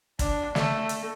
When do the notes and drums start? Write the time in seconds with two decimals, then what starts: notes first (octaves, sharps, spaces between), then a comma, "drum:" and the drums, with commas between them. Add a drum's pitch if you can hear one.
0.19 D4, drum: kick, hi-hat
0.55 A3, drum: snare
0.89 drum: hi-hat